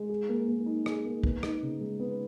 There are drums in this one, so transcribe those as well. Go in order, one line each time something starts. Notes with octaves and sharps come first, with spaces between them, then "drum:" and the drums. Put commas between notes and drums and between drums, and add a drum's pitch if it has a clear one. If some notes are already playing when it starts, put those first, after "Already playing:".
Already playing: G#3
G#4
A#3
A#3
D#4
G#4, drum: rim click
A#3
B3, drum: kick
D#4, drum: rim click
C#3
G#3
B3